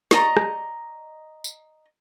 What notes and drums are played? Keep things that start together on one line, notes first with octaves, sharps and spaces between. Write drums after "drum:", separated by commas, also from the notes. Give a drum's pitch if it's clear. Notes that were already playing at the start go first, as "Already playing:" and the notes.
D5 D#5 A#5 C#6, drum: snare
drum: rim click
drum: tambourine